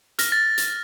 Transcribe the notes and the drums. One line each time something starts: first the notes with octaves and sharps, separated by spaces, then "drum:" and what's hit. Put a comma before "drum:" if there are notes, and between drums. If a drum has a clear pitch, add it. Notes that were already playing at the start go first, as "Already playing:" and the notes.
F6 A#6, drum: hi-hat
A6
drum: hi-hat